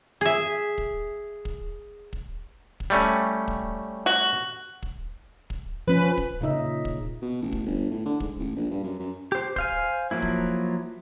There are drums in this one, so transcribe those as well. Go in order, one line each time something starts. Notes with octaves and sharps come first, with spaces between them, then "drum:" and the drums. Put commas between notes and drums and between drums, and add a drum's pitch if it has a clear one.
G#4 E5
drum: kick
drum: kick
drum: kick
drum: kick
G3 A3 C#4
drum: kick
F#4
drum: kick
drum: kick
F3 C#4 B4
drum: kick
A#2 C#3 D#4 E5
drum: kick
B2
A1
drum: kick
G1
A2
D3
G#2, drum: kick
A1
A#1
G2
F#2
F#2
G4 C5
C5 F5 G#5, drum: kick
F3 F#3 A#3 E4
drum: kick